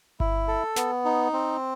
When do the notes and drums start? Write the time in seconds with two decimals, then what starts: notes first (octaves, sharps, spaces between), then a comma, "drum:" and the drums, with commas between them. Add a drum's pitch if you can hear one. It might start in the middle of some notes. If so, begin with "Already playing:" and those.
0.20 E4, drum: kick G1
0.48 A4
0.76 B3, drum: snare
1.05 D#4
1.33 C4